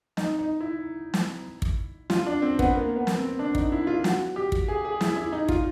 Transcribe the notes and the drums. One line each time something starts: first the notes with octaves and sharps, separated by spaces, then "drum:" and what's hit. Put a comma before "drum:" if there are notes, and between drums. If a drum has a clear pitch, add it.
D#4, drum: snare
D#4
E4
drum: snare
drum: kick
F4, drum: snare
D4
C4
B3, drum: kick
A#3
B3
drum: snare
C4
D4
D#4, drum: kick
E4
F4
F#4, drum: snare
G4
drum: kick
G#4
G#4
E4, drum: snare
E4
D#4
F4, drum: kick